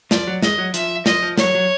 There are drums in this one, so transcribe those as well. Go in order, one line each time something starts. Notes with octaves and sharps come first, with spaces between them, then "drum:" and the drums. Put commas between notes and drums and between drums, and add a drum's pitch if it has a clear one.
F3 D5, drum: snare
F#3
G#3 D#5, drum: snare
F#3
F3 E5, drum: hi-hat
F3 D#5, drum: snare
F3
F#3 C#5, drum: snare
F#3